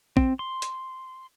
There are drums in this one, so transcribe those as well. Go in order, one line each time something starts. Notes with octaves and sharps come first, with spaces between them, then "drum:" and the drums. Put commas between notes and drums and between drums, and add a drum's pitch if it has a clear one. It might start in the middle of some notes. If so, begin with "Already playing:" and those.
C4, drum: kick
C6
drum: hi-hat